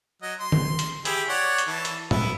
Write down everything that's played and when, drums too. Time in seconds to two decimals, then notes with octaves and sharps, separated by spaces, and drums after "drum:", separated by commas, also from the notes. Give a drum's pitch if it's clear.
0.22 F#3 D#5
0.40 C6
0.52 drum: tom D3
0.79 drum: hi-hat
1.05 E4 G4 G#4, drum: hi-hat
1.29 C#5 D5 F#5
1.58 drum: hi-hat
1.67 E3 A5
1.85 drum: hi-hat
2.11 B3 E4, drum: tom